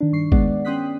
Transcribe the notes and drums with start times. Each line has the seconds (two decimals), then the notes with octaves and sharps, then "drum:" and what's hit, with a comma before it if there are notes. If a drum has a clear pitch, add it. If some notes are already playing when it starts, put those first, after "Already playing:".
0.01 D#3 D4
0.12 G2 D#3 C#6 C7
0.32 G#3 B3 D5 F#5, drum: kick G1
0.65 C#4 G5 C6 D#6 F#6 B6